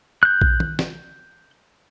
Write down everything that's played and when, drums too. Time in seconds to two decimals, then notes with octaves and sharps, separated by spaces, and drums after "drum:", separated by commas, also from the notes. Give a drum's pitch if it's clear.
0.23 F#6 G6
0.41 drum: kick A#1
0.60 drum: tom
0.79 drum: snare